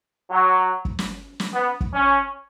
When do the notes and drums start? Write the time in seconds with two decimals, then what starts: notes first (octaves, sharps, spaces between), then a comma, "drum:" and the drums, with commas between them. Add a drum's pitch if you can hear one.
0.30 F#3
0.85 drum: kick
0.99 drum: snare
1.40 drum: snare
1.53 B3
1.81 drum: kick
1.94 C#4